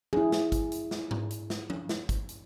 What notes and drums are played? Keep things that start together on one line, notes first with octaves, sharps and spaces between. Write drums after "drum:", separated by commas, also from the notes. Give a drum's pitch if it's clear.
E4 G#4, drum: tom F3
drum: snare
drum: kick, hi-hat
drum: hi-hat
drum: snare
drum: tom G#2
drum: hi-hat
drum: snare
drum: tom F3
drum: snare
drum: kick, hi-hat
drum: hi-hat